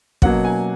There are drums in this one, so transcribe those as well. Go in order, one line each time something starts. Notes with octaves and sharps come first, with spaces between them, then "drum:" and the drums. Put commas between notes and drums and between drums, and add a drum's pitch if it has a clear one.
B2 F#3 A#3 C#4 F#5, drum: kick
G#5